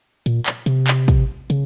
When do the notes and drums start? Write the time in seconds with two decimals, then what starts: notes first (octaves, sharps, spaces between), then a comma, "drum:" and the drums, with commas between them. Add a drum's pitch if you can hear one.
0.26 A#2, drum: hi-hat
0.46 drum: clap
0.66 C3, drum: hi-hat
0.87 drum: clap
1.08 drum: kick, hi-hat
1.50 C#3, drum: hi-hat